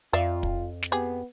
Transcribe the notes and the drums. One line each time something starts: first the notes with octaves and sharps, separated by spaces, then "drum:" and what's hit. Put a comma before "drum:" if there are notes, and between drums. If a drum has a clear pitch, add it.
F2 F4 D5 E5 F5
drum: kick
drum: snare
B3 G4 G#4